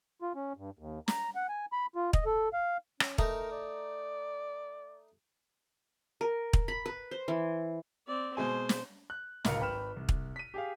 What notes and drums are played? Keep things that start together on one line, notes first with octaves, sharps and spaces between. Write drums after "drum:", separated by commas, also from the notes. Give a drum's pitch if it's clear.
F4
C#4
G2
D#2
A#5, drum: snare
F#5
G#5
B5
F4
D#5, drum: kick
A4
F5
C#4, drum: rim click
A3 D#4 A#4 A#5, drum: kick
D5
A#4
drum: kick
B5
B4
C5
E3
C4 D5
B2 G#3 C5 G#5
drum: snare
F#6
D1 C#2 A#4 F5 C#7, drum: snare
G#1 B4 G5 B5 F6 E7
C2
drum: kick
B6 D#7
G4 G#4 F5